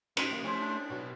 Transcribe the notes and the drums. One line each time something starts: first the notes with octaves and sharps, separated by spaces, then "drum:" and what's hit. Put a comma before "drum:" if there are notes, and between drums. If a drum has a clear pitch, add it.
C#4 D#4 F#4 G4 C5, drum: cymbal
A#3 C#4 F4
F3 A3 C#4 C5
D4
B2 F#3 F#4 B4